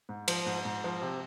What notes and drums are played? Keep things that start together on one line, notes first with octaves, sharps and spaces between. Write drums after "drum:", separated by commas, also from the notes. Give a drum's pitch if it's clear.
G#2
F3, drum: cymbal
G#2
G#2
F3
C3